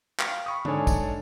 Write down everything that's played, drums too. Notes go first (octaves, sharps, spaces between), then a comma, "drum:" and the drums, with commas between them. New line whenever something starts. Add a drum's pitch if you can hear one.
F5 G5 F6, drum: clap
B5 C#6 D#6
G#2 D4 D#4 A4 C#5 G#5, drum: tom
drum: kick, tambourine